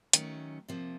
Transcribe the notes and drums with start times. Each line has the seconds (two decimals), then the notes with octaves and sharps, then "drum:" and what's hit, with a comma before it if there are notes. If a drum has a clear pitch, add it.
0.13 D#3 F#3 A3 C#4, drum: hi-hat
0.68 C3 F3 A#3